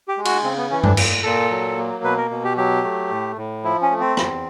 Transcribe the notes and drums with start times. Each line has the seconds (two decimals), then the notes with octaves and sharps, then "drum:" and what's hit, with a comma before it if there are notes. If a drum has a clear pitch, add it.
0.08 G4
0.18 G#3
0.25 F#4, drum: cymbal
0.43 C#3 C4
0.57 B3
0.70 E3 C#4
0.83 D4, drum: tom G2
0.97 A#2, drum: cymbal
1.23 A#2 A4
1.51 F#3
1.77 A#3
2.04 B2 B4
2.17 A#4
2.31 B2
2.44 G4
2.57 F#3 G4
2.84 A3
3.11 A2
3.36 A2
3.64 F3 E4
3.82 C#4
3.91 A3
4.00 C4
4.17 E2, drum: rim click